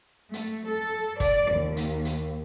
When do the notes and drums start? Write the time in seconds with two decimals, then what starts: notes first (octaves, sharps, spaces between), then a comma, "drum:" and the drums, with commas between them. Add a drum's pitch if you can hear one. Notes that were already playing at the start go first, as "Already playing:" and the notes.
0.34 A3, drum: hi-hat
0.68 A4
1.20 D5, drum: kick, hi-hat
1.55 D#2
1.77 drum: hi-hat
2.05 drum: hi-hat